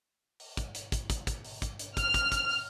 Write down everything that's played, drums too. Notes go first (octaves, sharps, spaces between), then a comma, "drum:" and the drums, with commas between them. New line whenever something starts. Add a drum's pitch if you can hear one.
drum: open hi-hat
drum: kick, hi-hat
drum: hi-hat
drum: kick, hi-hat
drum: kick, hi-hat
drum: kick, hi-hat
drum: open hi-hat
drum: kick, hi-hat
drum: hi-hat
F6, drum: kick, hi-hat
drum: kick, hi-hat
drum: kick, hi-hat
drum: open hi-hat